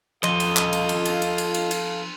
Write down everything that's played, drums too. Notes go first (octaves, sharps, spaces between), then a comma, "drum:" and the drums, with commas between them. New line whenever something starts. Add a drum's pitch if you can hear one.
F3 F4 A4 D#5 F5 C6 D#7 G7, drum: clap
drum: cymbal
drum: clap
drum: cymbal
drum: cymbal
drum: cymbal
drum: cymbal
drum: cymbal
drum: cymbal
drum: cymbal